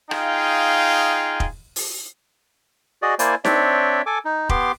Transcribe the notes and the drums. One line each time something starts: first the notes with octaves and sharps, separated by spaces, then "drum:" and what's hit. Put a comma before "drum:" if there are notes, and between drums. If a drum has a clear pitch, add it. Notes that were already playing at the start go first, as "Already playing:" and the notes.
D#4 F4 G#4 F5 G5, drum: rim click
drum: kick E1
drum: open hi-hat
F#4 G#4 D5 D#5
A#3 E4 C5 D5 G#5, drum: hi-hat
C4 D4 C#5 D5 E5 G5, drum: snare D#4
A4 G#5 D6
D#4
B3 G4 C6 D6, drum: kick E1